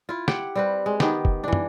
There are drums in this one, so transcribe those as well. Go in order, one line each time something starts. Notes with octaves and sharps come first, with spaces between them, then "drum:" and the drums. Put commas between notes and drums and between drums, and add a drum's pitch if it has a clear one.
E4 F4
G4 F#5 G5, drum: snare
G3 C4 B4
G#3
D#3 B3 G4, drum: snare
drum: kick F1
E3 D4
drum: tom